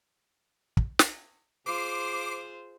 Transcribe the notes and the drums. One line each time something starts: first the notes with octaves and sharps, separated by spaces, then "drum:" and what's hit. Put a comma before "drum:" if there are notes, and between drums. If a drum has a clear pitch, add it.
drum: kick
drum: snare
F4 G#4 C5 D6 C7